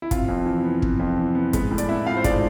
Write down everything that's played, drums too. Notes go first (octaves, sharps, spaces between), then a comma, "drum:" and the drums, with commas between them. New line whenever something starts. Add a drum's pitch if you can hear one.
E4
C3 F4, drum: kick, hi-hat
F2
E3
B3
C3, drum: kick
F2
E3
B3
G#3 B3 B4, drum: kick, hi-hat
A2
D5, drum: hi-hat
B3 E4 E5
A2 F4 F5
C5
G#3 D4 D5, drum: kick, hi-hat